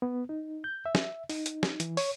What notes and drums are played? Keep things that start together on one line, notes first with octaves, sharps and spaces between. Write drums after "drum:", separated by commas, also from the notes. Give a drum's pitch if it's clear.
B3
D#4
G6
E5
drum: snare
D#4, drum: open hi-hat
drum: hi-hat
drum: snare
E3, drum: hi-hat
C#5, drum: open hi-hat